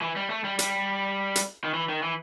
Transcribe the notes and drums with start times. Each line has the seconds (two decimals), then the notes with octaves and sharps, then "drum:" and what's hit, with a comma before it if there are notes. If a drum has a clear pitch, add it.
0.02 E3
0.16 G3
0.30 A3
0.44 G3
0.59 G3, drum: hi-hat
1.36 drum: hi-hat
1.64 D#3
1.74 E3
1.89 D#3
2.03 E3